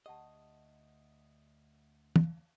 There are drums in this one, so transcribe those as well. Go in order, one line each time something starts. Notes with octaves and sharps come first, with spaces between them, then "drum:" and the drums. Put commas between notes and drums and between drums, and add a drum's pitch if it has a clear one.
D2 G4 D#5 F#5 A5
drum: tom